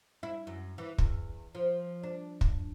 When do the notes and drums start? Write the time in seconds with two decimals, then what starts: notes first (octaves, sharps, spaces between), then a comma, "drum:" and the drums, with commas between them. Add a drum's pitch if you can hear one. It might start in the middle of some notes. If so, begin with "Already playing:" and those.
0.23 E4
0.47 F#2
0.78 E3
0.98 E2, drum: kick
1.55 F3
2.04 D4
2.41 drum: kick